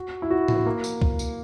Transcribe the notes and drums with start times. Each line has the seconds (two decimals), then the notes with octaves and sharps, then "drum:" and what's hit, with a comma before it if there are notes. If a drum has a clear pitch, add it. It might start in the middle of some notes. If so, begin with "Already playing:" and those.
Already playing: F#4
0.22 E4
0.31 F#4
0.48 drum: tom A2
0.66 A#3
0.84 drum: tambourine
1.02 drum: kick C2
1.19 drum: tambourine